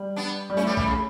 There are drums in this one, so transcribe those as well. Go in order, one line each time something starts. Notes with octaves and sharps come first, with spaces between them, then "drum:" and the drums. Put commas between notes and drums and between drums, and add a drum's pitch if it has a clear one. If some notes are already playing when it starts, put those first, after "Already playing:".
Already playing: G3
B3 D4
G3
A3 C#4 E4
G3 B3
E3 G3, drum: kick A#1
C#3